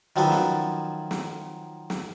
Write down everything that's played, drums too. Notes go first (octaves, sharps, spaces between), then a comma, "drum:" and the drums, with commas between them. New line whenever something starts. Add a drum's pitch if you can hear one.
D#3 F3 F#3 C#4 A4 B4
drum: snare
drum: snare
drum: snare